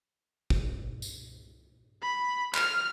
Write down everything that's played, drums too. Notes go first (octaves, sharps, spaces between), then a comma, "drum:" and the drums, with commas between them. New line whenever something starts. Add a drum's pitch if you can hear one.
drum: kick
drum: tambourine
B5
F6, drum: clap